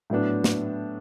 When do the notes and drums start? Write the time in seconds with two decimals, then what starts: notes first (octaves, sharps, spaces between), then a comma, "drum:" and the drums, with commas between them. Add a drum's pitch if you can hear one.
0.10 A2 F#3 B3 D4
0.44 drum: snare